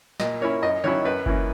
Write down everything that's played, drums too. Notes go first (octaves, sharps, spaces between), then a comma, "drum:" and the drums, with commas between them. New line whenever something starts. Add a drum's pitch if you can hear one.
A#2 D#5, drum: snare
A#3 C#4 E4 C#5
F#2 D#5
D#3 F#3 C#4 E4 C#5
F#2 B4
E3 A#3 C#4, drum: kick F#1